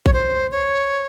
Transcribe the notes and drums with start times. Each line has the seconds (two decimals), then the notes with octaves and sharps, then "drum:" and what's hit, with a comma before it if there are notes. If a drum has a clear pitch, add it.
0.06 C#5, drum: kick A#1
0.13 C5
0.51 C#5